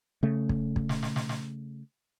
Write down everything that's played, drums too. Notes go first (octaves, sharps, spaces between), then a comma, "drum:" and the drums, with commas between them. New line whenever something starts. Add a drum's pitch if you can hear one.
C#3 A3
drum: kick
drum: kick
drum: snare
drum: snare
drum: snare
drum: snare